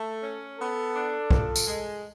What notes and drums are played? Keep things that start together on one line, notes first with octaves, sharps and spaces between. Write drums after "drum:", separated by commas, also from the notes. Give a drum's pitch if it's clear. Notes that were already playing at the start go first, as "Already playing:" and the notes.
Already playing: A3 A4
C#4
B3 A4
D4
F3, drum: kick
drum: tambourine
G#3